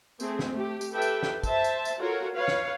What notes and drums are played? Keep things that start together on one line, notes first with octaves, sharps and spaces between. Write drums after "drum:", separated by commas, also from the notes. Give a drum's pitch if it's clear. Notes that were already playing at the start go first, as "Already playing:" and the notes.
A3 C4 G#4, drum: tambourine
drum: snare
A3 G4
drum: tambourine
G4 A4 B4 E5 G5
drum: tambourine
drum: snare
C5 E5 A5, drum: kick, tambourine
drum: tambourine
drum: tambourine
F4 F#4 A4 A#4 C#5
B4 C#5 F5
drum: snare